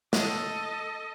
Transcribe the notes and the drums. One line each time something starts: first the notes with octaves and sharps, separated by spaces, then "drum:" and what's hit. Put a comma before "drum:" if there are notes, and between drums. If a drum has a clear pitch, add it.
A4 D#5, drum: snare